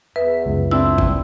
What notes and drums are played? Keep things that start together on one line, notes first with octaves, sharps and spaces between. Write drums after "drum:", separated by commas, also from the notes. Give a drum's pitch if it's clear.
E2 B4 E5
C#2 F#2
C4 D4 E4 E6
drum: kick G#1